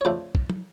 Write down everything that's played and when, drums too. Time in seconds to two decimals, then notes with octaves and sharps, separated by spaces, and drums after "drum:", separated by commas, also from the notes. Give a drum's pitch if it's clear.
0.01 C#5
0.05 F2 C#3 F3 A3 D4 C5
0.35 drum: kick
0.50 drum: tom